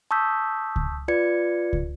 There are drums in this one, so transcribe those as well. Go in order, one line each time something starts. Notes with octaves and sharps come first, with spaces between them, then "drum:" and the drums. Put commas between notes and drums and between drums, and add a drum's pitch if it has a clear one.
A5 C#6 D#6 E6 G6 B6
drum: kick C#2
F4 B4 D5 G#6 C#7
drum: kick C#2